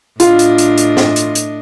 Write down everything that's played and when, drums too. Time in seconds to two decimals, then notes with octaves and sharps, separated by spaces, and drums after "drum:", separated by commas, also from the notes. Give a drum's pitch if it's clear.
0.20 A2 D4 F4 D#5, drum: hi-hat
0.39 drum: hi-hat
0.58 drum: hi-hat
0.78 drum: hi-hat
0.97 drum: snare
1.16 drum: hi-hat
1.35 drum: hi-hat